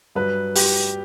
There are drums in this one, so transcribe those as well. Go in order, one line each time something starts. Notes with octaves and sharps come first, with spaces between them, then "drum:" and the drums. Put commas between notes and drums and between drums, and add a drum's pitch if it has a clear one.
G2 F#3 B4
G4, drum: open hi-hat